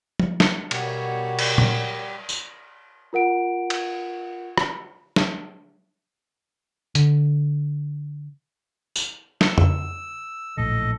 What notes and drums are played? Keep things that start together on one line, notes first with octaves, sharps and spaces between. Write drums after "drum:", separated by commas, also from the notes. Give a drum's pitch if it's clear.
drum: tom F3
drum: snare
B2 G3 F#4 G4 A#4 C#5 F#5, drum: cymbal
drum: cymbal
drum: tom A#2
drum: tambourine
F4 A#4 F#5 D7
drum: cymbal
drum: rim click
drum: snare
D3, drum: hi-hat
drum: tambourine
E6, drum: snare
drum: tom F2
D1 A#1 A2 A4 D#5